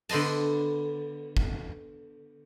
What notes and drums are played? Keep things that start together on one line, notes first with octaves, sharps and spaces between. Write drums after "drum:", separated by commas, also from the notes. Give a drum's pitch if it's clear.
D3 B3 C5 D#5 A5, drum: cymbal
drum: kick